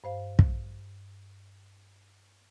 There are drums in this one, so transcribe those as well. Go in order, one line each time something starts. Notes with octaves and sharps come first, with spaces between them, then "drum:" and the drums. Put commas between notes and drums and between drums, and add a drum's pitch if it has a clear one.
G2 C5 F5
drum: kick